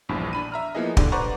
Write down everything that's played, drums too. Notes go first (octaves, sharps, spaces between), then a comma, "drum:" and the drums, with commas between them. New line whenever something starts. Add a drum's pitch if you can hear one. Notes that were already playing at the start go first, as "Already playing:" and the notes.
A#1 E2 G2
D4 B5 D#7
E5 A#5 F6
F3 A#3 B3 E4 G#4 D#5
D3 D4 G4, drum: kick
B4 C5 D5 F#5 A#5 C#6